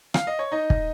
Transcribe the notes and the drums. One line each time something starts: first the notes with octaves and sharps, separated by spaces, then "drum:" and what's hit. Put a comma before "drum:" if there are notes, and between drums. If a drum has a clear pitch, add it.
F5, drum: rim click
D#5
C#5
D#4 D#5
drum: kick